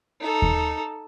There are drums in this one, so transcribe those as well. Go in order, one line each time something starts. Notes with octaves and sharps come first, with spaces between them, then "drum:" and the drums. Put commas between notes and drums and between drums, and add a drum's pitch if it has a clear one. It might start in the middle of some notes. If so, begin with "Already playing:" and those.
D#4 A4
drum: kick D#2